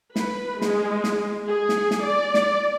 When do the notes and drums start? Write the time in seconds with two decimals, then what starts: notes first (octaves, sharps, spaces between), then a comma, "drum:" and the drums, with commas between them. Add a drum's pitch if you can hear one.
0.16 B4, drum: snare
0.62 G#3, drum: snare
1.04 drum: snare
1.47 G#4
1.69 drum: snare
1.91 drum: snare
2.03 D5
2.34 drum: snare